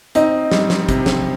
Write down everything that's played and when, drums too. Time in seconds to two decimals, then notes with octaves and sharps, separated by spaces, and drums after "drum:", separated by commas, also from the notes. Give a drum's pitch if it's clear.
0.15 C4 D#4, drum: hi-hat
0.51 G3, drum: snare
0.70 drum: snare
0.89 C3, drum: kick G#1, hi-hat
1.06 drum: snare